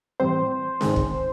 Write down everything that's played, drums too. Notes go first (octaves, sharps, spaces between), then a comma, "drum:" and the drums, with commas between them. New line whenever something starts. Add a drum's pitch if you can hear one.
A2 E3 G3 C4 C5
G#2 D#3 G#3 C4, drum: snare C#4
drum: kick